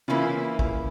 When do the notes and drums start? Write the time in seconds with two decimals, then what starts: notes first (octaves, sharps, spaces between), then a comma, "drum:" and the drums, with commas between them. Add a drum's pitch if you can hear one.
0.08 C#3 E3 A#3 C#4 E4 F4
0.59 drum: kick